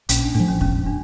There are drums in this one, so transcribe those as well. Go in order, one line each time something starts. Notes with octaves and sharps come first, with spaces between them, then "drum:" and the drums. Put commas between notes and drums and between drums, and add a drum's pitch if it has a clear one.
A#1 C#4, drum: hi-hat
D4
A2 D4
F3
C#4
E1 C#4, drum: kick
D4